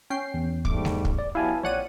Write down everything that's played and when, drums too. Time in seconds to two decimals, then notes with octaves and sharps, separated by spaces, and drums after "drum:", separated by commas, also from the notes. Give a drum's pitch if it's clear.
0.10 C#4 G5 C7
0.34 E2
0.65 G#2 G3 A3 D6, drum: kick
0.85 drum: snare G#3
1.05 drum: kick
1.19 D5
1.35 F#3 B3 E4 G4 F5 G#5 A5
1.63 A#1 F3 C4 F4 C#5 D5 F#5 D#7